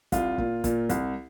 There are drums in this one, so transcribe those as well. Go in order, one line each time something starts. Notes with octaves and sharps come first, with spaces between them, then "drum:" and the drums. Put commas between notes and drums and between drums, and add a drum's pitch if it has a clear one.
C2 F4, drum: kick, hi-hat
A#2, drum: kick
A#2, drum: kick, hi-hat
C2, drum: hi-hat